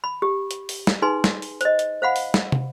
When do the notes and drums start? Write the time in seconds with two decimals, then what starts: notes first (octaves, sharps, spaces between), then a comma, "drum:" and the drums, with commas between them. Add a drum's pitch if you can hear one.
0.04 B5
0.22 G4
0.51 drum: hi-hat
0.69 drum: open hi-hat
0.87 drum: snare
1.02 D#4 G#4 B4 G#5 C6
1.24 drum: snare
1.42 drum: open hi-hat
1.61 C5 D#5, drum: hi-hat
1.79 drum: hi-hat
2.02 C5 F5 F#5 B5
2.16 drum: open hi-hat
2.34 drum: snare
2.52 drum: tom